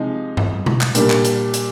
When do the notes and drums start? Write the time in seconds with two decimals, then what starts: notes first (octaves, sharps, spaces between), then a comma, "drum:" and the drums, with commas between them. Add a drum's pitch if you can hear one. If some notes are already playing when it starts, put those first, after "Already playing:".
Already playing: C3 F3 G#3 D#4
0.37 drum: tom G2
0.66 drum: tom B2
0.81 drum: clap
0.95 A#2 G3 A#3 D4, drum: hi-hat
1.10 drum: clap
1.25 drum: hi-hat
1.54 drum: hi-hat